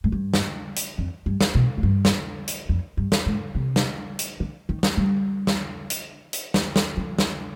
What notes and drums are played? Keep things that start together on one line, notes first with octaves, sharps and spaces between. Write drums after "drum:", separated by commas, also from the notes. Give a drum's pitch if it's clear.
G#2
G2
drum: snare
drum: hi-hat
F2
G2
drum: snare
B2
G#2
G2
drum: snare
drum: hi-hat
F2
G2
drum: snare
G#2
C3
drum: snare
drum: hi-hat
D3
D#3
drum: snare
G3
drum: snare
drum: hi-hat
drum: hi-hat
drum: snare
drum: snare
F3
drum: snare